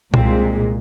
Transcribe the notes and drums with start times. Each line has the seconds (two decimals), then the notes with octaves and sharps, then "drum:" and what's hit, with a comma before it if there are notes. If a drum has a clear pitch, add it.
0.14 C2 A#2 G#3 C4, drum: tom A#2